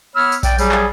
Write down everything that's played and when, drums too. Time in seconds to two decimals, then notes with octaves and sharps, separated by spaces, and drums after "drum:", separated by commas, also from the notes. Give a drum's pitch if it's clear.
0.15 B3 C#5 B5 E6 F6
0.32 drum: tambourine
0.43 D5 G5, drum: kick A#1, tambourine
0.58 F#3 G3 G#4, drum: tambourine
0.72 drum: clap